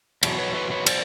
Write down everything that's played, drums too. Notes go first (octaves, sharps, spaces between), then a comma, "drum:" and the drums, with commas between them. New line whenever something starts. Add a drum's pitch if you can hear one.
E2 B2 F#3, drum: cymbal
B4 C#5
B4 C#5
B4 C#5
C5 D5, drum: cymbal